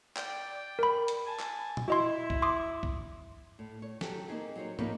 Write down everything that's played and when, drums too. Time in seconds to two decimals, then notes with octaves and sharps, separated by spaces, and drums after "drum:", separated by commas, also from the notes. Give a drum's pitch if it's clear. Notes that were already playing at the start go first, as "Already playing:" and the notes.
0.17 D5 G5, drum: clap
0.79 A#4 B5
1.08 drum: hi-hat
1.27 G#5 A5
1.39 drum: clap
1.77 drum: tom A#2
1.88 E4 F#4 D#5 C6
2.30 drum: kick C2
2.42 C6 D6 D#6
2.83 drum: kick C2
3.59 A2
3.82 C#5
4.01 F#3 G4 A4, drum: snare
4.29 A#3 C4 D#4 G#4
4.55 F#3 C5 C#5
4.79 F3 A#3 C4 D#4 B4 C#5, drum: tom